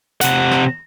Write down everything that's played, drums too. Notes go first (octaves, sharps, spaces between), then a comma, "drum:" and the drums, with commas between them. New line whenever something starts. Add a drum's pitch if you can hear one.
C3 F#5, drum: hi-hat
drum: rim click